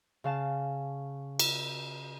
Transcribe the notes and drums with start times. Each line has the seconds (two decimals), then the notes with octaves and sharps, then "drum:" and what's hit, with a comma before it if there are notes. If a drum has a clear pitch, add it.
0.24 C#3 F5 A5
1.39 drum: cymbal